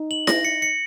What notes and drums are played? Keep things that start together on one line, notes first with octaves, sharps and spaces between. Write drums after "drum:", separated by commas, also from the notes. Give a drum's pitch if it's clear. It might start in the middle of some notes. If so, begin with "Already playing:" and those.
Already playing: D#4
F#7
A#6, drum: snare E4
C#7
C#7